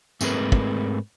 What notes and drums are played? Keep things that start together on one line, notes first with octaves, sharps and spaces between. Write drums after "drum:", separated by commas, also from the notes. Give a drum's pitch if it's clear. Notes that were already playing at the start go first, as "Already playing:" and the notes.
G#2 A3 C4 G#4 A#4 B4, drum: tambourine
drum: kick